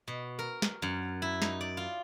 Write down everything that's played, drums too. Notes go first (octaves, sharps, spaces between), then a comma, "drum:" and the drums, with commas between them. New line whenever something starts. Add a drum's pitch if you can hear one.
B2
A#4
drum: snare
F#2
E4
D#4, drum: snare
D5
F4